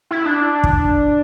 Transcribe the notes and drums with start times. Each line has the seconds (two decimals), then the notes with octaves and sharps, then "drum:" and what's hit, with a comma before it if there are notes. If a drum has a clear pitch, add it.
0.11 E4
0.25 D4
0.64 drum: kick